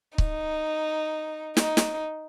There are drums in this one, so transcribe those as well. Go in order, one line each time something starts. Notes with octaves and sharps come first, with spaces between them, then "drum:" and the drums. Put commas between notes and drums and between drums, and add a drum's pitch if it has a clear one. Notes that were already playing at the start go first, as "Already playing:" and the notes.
D#4, drum: kick C#1
D#4, drum: snare
drum: snare